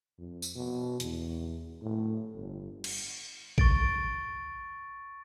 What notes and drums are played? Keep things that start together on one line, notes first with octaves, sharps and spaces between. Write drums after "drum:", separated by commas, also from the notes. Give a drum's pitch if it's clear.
F2
drum: tambourine
B2
E2, drum: hi-hat
A2
G1
drum: cymbal
C#6 A6 D7, drum: kick A1